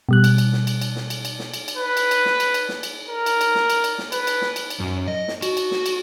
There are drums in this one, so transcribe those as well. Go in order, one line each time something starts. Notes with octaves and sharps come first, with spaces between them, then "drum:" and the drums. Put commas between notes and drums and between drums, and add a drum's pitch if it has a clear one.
B2 G3 F#6
drum: cymbal
drum: cymbal
drum: snare
drum: cymbal
drum: cymbal
drum: snare
drum: cymbal
drum: cymbal
drum: snare
drum: cymbal
drum: cymbal
B4
drum: cymbal
drum: cymbal
drum: snare
drum: cymbal
drum: cymbal
drum: snare
drum: cymbal
A#4
drum: cymbal
drum: cymbal
drum: snare
drum: cymbal
drum: cymbal
drum: snare
B4, drum: cymbal
drum: cymbal
drum: snare
drum: cymbal
drum: cymbal
F#2
D#5
drum: snare
F#4, drum: cymbal
drum: cymbal
drum: snare
drum: cymbal